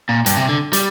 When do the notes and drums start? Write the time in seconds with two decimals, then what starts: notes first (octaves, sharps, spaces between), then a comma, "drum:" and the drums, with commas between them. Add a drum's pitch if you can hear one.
0.09 A#2
0.26 G2, drum: hi-hat
0.37 C3
0.49 D3
0.73 G3, drum: hi-hat